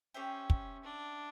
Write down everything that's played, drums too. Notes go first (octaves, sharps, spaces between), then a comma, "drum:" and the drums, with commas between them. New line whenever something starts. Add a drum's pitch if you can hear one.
C#4 G4 C5 E5 G5
drum: kick
D4